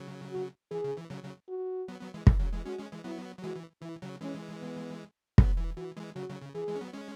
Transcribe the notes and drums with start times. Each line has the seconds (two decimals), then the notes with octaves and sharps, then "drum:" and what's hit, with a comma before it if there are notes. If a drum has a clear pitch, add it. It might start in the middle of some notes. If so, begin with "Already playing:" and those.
Already playing: C#3 F#3
0.32 F#4
0.71 E3 G#4
0.84 C#3
0.98 E3
1.11 C#3 F#3
1.23 C#3 F#3
1.49 F#4
1.88 F#3 B3
2.00 F#3 B3
2.14 E3 G#3
2.27 E3, drum: kick
2.39 C#3 F#3
2.53 E3 G#3
2.65 G#3 C#4 F#4
2.79 G#3 C#4
2.92 E3 G#3
3.04 F#3 B3 E4
3.39 F#3
3.43 E3 G#3 F#4
3.56 E3
3.82 E3 E4
4.02 C#3 F#3
4.21 E3 G#3 C#4
4.60 B3
5.38 F#3 B3, drum: kick
5.57 E3
5.77 E3 F#4
5.96 E3 G#3
6.16 C#3 F#3 F#4
6.29 C#3 F#3
6.42 C#3
6.55 E3 G#4
6.68 E3 G#3
6.76 C#4
6.81 F#3 B3
6.94 G#3 C#4